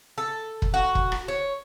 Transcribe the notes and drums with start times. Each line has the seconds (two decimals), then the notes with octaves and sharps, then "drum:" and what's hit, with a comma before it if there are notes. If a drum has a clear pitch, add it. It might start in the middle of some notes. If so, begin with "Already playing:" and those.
0.18 A4
0.62 drum: kick
0.74 F#4
0.95 drum: kick
1.12 drum: rim click
1.28 C#5